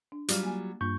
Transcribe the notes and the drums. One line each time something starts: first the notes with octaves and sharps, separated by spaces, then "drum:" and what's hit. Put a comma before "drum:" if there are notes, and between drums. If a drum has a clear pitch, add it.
D4
F#3 G3 F4, drum: hi-hat
A#3 G#5
G2 A#3 F4 C#6 G6